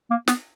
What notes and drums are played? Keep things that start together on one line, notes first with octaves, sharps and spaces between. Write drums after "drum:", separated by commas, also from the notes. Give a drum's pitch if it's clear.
A#3
B3, drum: snare